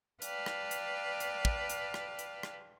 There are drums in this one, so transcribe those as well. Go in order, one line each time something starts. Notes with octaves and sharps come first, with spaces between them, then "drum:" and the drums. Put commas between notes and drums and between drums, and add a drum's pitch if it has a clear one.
B4 D5 F5 G5 A5, drum: hi-hat
drum: rim click
drum: hi-hat
drum: hi-hat
drum: kick
drum: hi-hat
drum: rim click
drum: hi-hat
drum: rim click